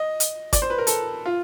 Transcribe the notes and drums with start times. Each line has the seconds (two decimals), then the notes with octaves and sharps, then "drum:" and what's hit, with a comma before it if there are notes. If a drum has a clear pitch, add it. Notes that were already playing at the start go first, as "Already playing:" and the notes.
Already playing: D#5
0.20 drum: hi-hat
0.53 D5, drum: kick, hi-hat
0.62 C5
0.70 B4
0.78 A#4
0.87 A4, drum: hi-hat
1.26 F4